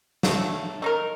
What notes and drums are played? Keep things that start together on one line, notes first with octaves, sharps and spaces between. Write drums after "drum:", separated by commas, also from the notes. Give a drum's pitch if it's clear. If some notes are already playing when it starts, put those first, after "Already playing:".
C#3 F#3 A3, drum: snare
A3 D#4 A#4